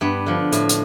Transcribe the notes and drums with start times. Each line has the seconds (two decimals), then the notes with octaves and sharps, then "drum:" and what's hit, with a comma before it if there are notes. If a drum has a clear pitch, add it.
0.01 G2 B3
0.26 D3 F3
0.52 A2, drum: hi-hat
0.69 drum: hi-hat